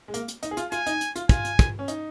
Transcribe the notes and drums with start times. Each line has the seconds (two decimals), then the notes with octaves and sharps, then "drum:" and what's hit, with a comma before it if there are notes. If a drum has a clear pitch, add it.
0.08 G#3
0.14 A#3, drum: hi-hat
0.28 drum: hi-hat
0.43 D#4, drum: hi-hat
0.51 G#4
0.57 F4, drum: hi-hat
0.72 F4 G#5, drum: hi-hat
0.87 D#4, drum: hi-hat
1.01 drum: hi-hat
1.16 F4, drum: hi-hat
1.29 F4 G#5, drum: kick, hi-hat
1.45 drum: hi-hat
1.59 drum: kick, hi-hat
1.79 C#4
1.88 D#4, drum: hi-hat